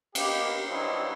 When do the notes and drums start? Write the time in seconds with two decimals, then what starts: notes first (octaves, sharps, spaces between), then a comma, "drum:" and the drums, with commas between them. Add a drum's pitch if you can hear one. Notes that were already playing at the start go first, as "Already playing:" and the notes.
0.15 A#3 B3 D#4 G4, drum: cymbal
0.68 G2 F3 F#3 C4 D#4 E4